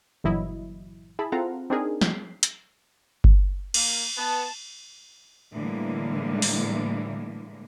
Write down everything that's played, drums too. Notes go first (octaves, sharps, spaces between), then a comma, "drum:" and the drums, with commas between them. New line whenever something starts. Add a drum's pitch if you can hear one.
G1 A#2 E3 F#3 E4 D#5
E4 G#4 A5 B5
C4 F4 A4 F5 F#5 A#5
C4 D4 D#4 G#4 A#4
B6 C7, drum: snare
drum: hi-hat
drum: kick G1
A#3, drum: cymbal
B3 A5
A2 D3 E3 G3 G#3 A#3
drum: open hi-hat